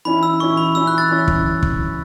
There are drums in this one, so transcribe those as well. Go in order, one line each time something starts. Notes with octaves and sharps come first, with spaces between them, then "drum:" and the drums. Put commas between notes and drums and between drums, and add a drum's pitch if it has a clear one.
E3 C#4 E4 B5
E6
E3 C#4 E4 C#6
B5
E3 C#4 E4 E6
F#6
A6
E3 C#4 E4
drum: kick
drum: kick